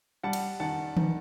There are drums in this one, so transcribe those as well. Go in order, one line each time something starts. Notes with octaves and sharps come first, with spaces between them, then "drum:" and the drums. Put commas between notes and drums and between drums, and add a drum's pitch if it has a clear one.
G3 F#5 A5
drum: cymbal
D#3 F#5 A5
D#3, drum: tom D#3